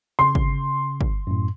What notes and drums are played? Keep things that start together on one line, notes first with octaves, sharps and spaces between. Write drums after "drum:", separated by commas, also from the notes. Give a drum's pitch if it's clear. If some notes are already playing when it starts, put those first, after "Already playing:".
C#3 C6
drum: kick
drum: kick
F#2 A2